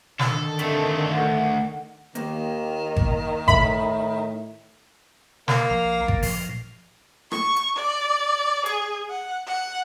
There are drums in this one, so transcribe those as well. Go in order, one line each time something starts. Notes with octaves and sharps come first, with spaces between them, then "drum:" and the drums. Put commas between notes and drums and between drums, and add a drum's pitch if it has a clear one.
D3 D#3 A4, drum: snare
A3 C4 A5, drum: hi-hat
D2 F#5
D#2 D#3 A#3, drum: hi-hat
drum: kick G#1
A2 E5 B5, drum: kick G#1
A#3, drum: snare
B1 F3 A#5
A#2 D3, drum: kick G#1
A#2 F3, drum: open hi-hat
C#6, drum: rim click
drum: hi-hat
D5
G#4, drum: hi-hat
F#5
F#5